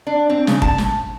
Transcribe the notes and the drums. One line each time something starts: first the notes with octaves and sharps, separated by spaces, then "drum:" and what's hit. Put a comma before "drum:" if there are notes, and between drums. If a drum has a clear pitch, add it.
D4
C4
C#3, drum: snare
A5, drum: kick
drum: snare